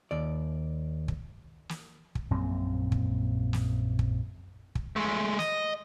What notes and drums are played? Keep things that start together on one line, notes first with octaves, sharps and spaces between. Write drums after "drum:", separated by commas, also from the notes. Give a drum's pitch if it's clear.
D#2 D5
drum: kick
drum: snare
drum: kick
A#1 F#2 A#2 C4
drum: kick
drum: snare
drum: kick
drum: kick
G#3 A3
D#5, drum: snare